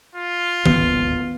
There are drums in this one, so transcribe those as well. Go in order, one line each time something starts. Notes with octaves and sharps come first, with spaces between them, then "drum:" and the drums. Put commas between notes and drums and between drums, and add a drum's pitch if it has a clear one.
F4
D1 G#1 D#2 B3, drum: tom D#3